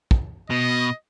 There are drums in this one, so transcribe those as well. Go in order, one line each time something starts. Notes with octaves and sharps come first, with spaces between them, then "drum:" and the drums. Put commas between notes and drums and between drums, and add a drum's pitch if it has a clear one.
drum: kick
B2 D#5